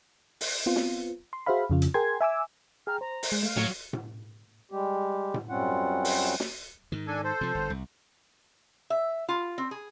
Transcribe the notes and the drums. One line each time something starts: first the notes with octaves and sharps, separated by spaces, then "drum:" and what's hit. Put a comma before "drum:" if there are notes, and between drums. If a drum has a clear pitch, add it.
drum: open hi-hat
B3 C4 F4
drum: snare
C6
F#4 G#4 C5 E5 F5 B5
F2 C#3 F4
drum: hi-hat
G#4 A#4 G5 G#5 C6 G#6
E5 G#5 D6 E6
G#4 G5 A#5 F6
C5 A#5
drum: open hi-hat
G#3
A3 F5
A2 F#3, drum: snare
drum: tom A2
G3 G#3 G4
drum: tom A2
F#2 G3 C4 C#4 F4 F#5
drum: open hi-hat
drum: snare
G#2 D#3
D4 A4 G#5
A4 C5
C3 F3
G1 G2
C2
E5
F4
C4
G#4